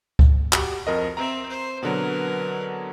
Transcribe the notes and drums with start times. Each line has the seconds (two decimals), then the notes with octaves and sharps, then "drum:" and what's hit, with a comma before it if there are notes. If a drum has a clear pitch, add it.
0.19 drum: kick C#2
0.53 F#4 G4, drum: clap
0.87 F2 A#4 D#5
1.17 C4 E5 A#5
1.48 C5
1.82 B2 D3 F#3 A#4 B4